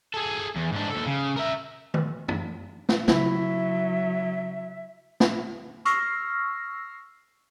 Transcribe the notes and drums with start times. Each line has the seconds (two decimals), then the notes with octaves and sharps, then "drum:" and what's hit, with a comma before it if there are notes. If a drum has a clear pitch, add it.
0.14 G#4 A4
0.56 E2
0.72 G#2 D4
0.90 D#2 A4
1.06 C#3
1.36 A#4 E5
1.94 drum: tom D#3
2.28 drum: tom
2.89 drum: snare
3.08 C#3 F#3 E4 E5, drum: snare
5.20 drum: snare
5.85 C#6 E6 F6 A#6 C7, drum: hi-hat